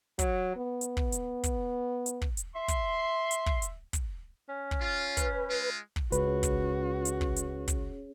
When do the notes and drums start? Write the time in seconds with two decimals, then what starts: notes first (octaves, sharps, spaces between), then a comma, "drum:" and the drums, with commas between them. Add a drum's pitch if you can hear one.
0.19 F#3, drum: kick, hi-hat
0.56 B3
0.81 drum: hi-hat
0.97 drum: kick
1.12 drum: hi-hat
1.43 drum: kick, hi-hat
2.06 drum: hi-hat
2.21 drum: kick
2.37 drum: hi-hat
2.55 E5 C6
2.68 drum: kick, hi-hat
3.31 drum: hi-hat
3.46 drum: kick
3.62 drum: hi-hat
3.93 drum: kick, hi-hat
4.49 C#4
4.71 drum: kick
4.81 F4
5.17 B4, drum: kick, hi-hat
5.49 G#3 F4
5.96 drum: kick
6.12 C#2 C#4 F#4 G#4 B4 C#5, drum: hi-hat
6.43 drum: kick, hi-hat
7.05 drum: hi-hat
7.21 drum: kick
7.36 drum: hi-hat
7.68 drum: kick, hi-hat